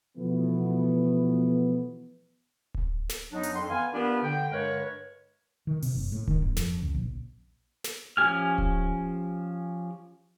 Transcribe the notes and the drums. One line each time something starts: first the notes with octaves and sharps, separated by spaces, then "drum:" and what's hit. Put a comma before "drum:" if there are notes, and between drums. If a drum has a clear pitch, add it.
B2 E3 F3 A3 B3
drum: kick D1
drum: snare
F#2 F#3 B3 D4 D#4
drum: hi-hat
F2 C6
E3 B3 F5 G#5
B3 D4 F4 G4 A#4 B4
D3 G5
G2 D3 G#3 A#4 B4 C#5
D#3
C3, drum: open hi-hat
F#1
A2
D#3, drum: kick D1
G1
F2, drum: snare
C#2
A#1
drum: snare
F3 C#4 G4 G#5 F6
drum: kick D1